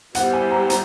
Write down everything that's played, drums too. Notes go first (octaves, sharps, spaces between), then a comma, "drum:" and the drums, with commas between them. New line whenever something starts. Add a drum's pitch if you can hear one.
G3 B3 E4 G4 C5 F#5, drum: hi-hat
G#5
A#5
A#5, drum: hi-hat